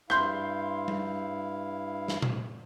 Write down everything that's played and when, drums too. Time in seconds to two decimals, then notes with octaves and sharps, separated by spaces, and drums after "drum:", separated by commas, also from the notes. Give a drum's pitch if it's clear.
0.10 G2 E4 F5 C6 G6, drum: rim click
0.88 drum: tom G3
2.08 drum: snare
2.22 drum: tom A#2